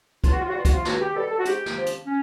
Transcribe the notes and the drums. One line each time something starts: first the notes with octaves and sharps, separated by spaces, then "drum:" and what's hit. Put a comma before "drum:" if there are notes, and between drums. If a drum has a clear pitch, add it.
C#2 F4, drum: kick, hi-hat
F#4
F4
F#4
B2 G3 F4
F#4, drum: kick, hi-hat
F4
C#2 F#4, drum: snare
G4
B2 G3 A4
A4
F#4
G#2 G4, drum: hi-hat
drum: snare
F3
drum: hi-hat
C#4